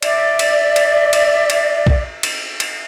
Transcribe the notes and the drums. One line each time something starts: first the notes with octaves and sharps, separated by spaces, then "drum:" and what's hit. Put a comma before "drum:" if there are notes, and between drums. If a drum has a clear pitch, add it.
D5 E5, drum: cymbal
drum: cymbal
drum: cymbal
drum: cymbal
drum: cymbal
drum: kick
drum: cymbal
drum: cymbal